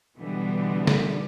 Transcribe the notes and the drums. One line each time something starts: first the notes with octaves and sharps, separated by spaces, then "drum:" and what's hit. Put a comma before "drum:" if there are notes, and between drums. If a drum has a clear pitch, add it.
B2 D3 E3 G3 B3
drum: snare